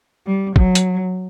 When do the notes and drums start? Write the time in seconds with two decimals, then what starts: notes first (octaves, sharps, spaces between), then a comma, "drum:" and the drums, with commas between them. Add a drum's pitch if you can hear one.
0.26 G3
0.56 F#3, drum: kick
0.75 drum: hi-hat